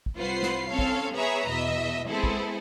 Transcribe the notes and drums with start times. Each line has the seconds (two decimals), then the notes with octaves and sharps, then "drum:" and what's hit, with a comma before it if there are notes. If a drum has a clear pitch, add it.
0.06 drum: kick
0.17 C2 F4 B4 C5 F#5 C7
0.42 drum: snare
0.69 C4 C#4 A4 C#5 F5
0.79 drum: kick
1.15 B3 G#4 B4 C#5 E5 A#5
1.49 E2 B2 D#5 E5
2.08 G#3 B3 C4 E4 G#4 A4
2.23 drum: kick